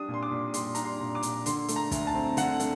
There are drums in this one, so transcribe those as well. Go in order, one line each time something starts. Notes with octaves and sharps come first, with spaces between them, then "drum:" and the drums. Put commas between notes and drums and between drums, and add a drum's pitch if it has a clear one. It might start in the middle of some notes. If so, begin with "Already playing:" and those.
Already playing: G3 D4 D#6
A#2
C6
D6
A#2
G3 C6, drum: hi-hat
D4 A#5, drum: hi-hat
C6
A#2
D6
A#2, drum: hi-hat
D3 C6, drum: hi-hat
A3, drum: hi-hat
A#5
D2, drum: kick, hi-hat
A5
C4
D3 F#5, drum: hi-hat
A3, drum: hi-hat